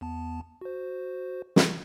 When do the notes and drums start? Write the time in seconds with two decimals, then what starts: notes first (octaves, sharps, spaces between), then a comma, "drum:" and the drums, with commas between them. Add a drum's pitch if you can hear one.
0.01 E2 B3 A5
0.61 F#4 C5
1.56 drum: snare